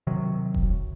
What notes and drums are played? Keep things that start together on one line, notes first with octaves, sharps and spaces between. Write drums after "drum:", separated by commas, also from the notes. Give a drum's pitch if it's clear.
C3 D#3 F#3
drum: kick E1